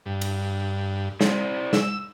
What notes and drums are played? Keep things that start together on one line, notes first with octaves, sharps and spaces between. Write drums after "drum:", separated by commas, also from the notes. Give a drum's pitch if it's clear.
G2
drum: cymbal
E4 C5 D5, drum: snare
E6, drum: snare